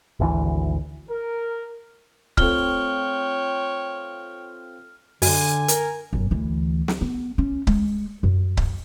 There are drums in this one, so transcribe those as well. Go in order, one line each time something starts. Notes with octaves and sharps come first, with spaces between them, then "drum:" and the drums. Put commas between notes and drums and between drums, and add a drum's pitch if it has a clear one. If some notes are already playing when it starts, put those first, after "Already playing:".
G#1 D2 E3
A#4
A3 C4 F4 C#5 G5 F6 G7, drum: kick C#1
F#2 D3 G#5, drum: open hi-hat
A#4, drum: hi-hat
G1 F#2
D2 E3
drum: snare
B3
C#4
G#3, drum: kick C#1
F#2
drum: kick C#1